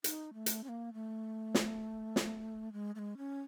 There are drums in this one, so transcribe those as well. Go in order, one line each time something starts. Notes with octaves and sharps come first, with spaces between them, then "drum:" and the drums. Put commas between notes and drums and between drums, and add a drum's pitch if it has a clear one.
D#4, drum: hi-hat
A3
drum: hi-hat
C#4
A#3
A3
drum: snare
drum: snare
G#3
A3
G#3
C#4